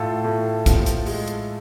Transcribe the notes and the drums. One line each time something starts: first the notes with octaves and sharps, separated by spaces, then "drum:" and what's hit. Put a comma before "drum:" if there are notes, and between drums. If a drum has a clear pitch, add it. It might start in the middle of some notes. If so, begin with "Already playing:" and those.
Already playing: A2 F4 A4
A2
F3, drum: kick, hi-hat
drum: hi-hat
G#3, drum: open hi-hat
drum: hi-hat